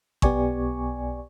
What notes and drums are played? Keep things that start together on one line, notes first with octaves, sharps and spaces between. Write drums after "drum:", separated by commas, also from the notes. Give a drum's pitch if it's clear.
B1 B3 G4 D5 G#5 C#6, drum: kick A1